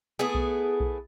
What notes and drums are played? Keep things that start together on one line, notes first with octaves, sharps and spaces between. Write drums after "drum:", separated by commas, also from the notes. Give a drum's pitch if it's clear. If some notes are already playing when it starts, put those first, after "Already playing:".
A3 B3 E4 G#4
drum: kick B1
drum: kick B1